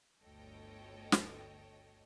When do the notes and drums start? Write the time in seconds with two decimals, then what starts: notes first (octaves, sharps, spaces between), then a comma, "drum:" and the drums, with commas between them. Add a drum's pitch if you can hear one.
0.24 G1 D2 A4 C#5 D#5 G5
1.12 drum: snare